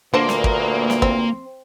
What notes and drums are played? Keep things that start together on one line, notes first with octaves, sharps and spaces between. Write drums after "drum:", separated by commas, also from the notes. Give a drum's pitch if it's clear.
D2 A#2 D3 A#3 B4 C5 A5
drum: snare
drum: kick
drum: snare
C4, drum: kick